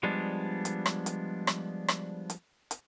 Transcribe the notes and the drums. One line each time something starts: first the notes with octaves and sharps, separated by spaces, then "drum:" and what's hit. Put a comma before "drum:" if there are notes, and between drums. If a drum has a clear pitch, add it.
F3 G3 G#3 B3 D4
drum: hi-hat
drum: rim click
drum: hi-hat
drum: rim click
drum: rim click
drum: hi-hat
drum: hi-hat